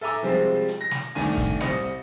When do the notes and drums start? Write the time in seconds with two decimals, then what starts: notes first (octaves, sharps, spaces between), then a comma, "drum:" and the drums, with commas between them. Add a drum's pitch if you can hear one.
0.01 A4 E5 G#5 A#5 D6
0.23 C3 F3 G3 G#3 C4
0.68 drum: hi-hat
0.81 A#6
0.91 drum: snare
1.15 C2 D#3 A3 D4 G#5, drum: open hi-hat
1.37 drum: kick, hi-hat
1.61 C2 G3 C4 D#5 C#7, drum: snare